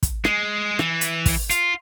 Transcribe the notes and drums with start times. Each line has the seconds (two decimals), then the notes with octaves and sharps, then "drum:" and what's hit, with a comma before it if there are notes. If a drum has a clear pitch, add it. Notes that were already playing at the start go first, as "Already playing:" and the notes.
0.03 drum: kick, hi-hat
0.25 G#3, drum: rim click
0.79 E3, drum: rim click
1.01 drum: hi-hat
1.26 drum: kick, open hi-hat
1.50 F4, drum: hi-hat